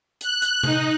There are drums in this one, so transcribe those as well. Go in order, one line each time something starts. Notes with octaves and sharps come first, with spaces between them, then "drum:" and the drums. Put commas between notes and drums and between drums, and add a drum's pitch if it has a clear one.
F#6, drum: hi-hat
drum: hi-hat
D#4, drum: tom C3